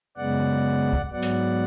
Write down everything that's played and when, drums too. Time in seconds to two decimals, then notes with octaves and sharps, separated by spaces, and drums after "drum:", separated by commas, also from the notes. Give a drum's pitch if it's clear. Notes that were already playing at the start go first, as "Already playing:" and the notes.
0.17 F#2 C#3 G#3 B3 D5 F#5
0.93 drum: kick C#2
1.12 G#2 F#3 B3 D5 F#5
1.23 drum: hi-hat